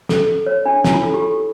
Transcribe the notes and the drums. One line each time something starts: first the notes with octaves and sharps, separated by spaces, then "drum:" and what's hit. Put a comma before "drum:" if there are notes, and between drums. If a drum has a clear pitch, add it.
A4, drum: snare
C#5
D4
E4, drum: snare
F4
A4
G4
A4